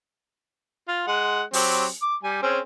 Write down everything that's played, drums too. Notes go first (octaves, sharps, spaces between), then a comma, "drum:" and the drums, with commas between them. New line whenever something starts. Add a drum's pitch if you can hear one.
F4
G#3 F#5
F#3 C4 G4, drum: open hi-hat
D6
G3 G#5
C4 C#4 G#4